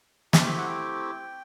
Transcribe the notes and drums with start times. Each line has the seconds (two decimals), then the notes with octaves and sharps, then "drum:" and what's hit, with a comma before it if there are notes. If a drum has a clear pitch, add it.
0.33 A3 C4 E4 G4 A5, drum: snare
0.45 B5
0.58 F#5
0.69 G5